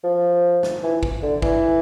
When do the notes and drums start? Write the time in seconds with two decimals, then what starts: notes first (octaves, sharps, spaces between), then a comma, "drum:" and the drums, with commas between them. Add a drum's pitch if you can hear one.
0.04 F3
0.63 drum: snare
0.83 E3
1.03 drum: kick
1.23 D3
1.42 E3, drum: kick